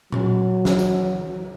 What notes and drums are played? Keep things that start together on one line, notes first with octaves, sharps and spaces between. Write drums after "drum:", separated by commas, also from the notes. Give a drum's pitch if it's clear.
F#3, drum: tom A#2
drum: snare
drum: tambourine